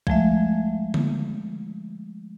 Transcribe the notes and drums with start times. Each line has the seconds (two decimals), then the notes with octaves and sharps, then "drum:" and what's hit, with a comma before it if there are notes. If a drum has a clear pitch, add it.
0.07 F3 G#3 A3 E5, drum: kick B1
0.94 drum: tom D3